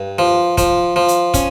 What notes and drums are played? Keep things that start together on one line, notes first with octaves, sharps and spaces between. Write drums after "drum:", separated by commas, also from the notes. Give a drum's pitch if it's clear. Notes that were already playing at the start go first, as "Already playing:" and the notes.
Already playing: G2
F3
F3, drum: kick, hi-hat
F3
drum: hi-hat
C#4, drum: kick, hi-hat